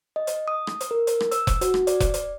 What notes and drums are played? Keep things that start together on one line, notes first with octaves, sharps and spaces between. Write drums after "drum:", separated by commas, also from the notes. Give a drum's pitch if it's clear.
D#5
drum: hi-hat
D#6
drum: rim click
drum: hi-hat
A#4
drum: hi-hat
drum: rim click
E6, drum: hi-hat
drum: kick F1, hi-hat
F#4, drum: hi-hat
drum: rim click
D5, drum: hi-hat
drum: kick F1, hi-hat
drum: hi-hat